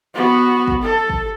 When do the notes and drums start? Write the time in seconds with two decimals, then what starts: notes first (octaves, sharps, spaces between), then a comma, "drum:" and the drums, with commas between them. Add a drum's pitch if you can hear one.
0.14 B3 F#4
0.68 drum: kick
0.82 A4
1.10 drum: kick